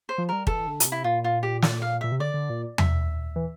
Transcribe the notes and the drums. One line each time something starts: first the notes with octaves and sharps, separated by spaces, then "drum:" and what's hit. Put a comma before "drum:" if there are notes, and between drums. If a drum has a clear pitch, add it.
C5
F3
G3 A#4
E3 A4, drum: kick
D3
A#2, drum: hi-hat
C3
E4
A#2 F4
F4
G4
D5, drum: snare
F5
A#2 E5
C3
D3 D5
D3
A#2
E5, drum: tom E2
E3